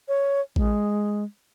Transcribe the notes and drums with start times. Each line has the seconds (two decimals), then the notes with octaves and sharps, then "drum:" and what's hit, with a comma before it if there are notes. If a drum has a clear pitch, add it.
0.08 C#5
0.56 G#3, drum: kick A1